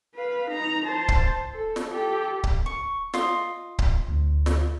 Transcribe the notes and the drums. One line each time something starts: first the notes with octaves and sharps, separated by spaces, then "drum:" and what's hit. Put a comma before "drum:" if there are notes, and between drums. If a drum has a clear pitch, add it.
B4 F5
D#4 A#5
C5 A5
drum: kick C#1
A4
drum: snare
G4 A4
drum: kick C#1
C#6
F4 D#5, drum: snare
drum: kick C#1
D2
drum: snare